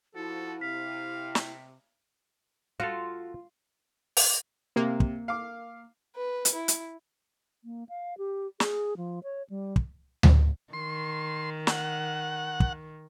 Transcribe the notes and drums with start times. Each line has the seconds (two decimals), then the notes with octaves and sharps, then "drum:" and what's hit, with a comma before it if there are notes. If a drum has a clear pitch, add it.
0.15 F3 E4 F#4 A4
0.61 C3 F5 B6
1.35 drum: snare
2.80 F4 F#4 A4
4.17 drum: open hi-hat
4.76 C3 A#3
5.00 drum: kick
5.28 F5 D6
6.15 B4
6.45 drum: hi-hat
6.54 E4
6.68 drum: hi-hat
7.64 A#3
7.89 F5
8.18 G4
8.60 G#4, drum: snare
8.97 F3
9.24 C#5
9.50 G3
9.76 drum: kick
10.23 drum: tom D2
10.73 D#3 C6
11.67 F#5, drum: snare
12.60 drum: kick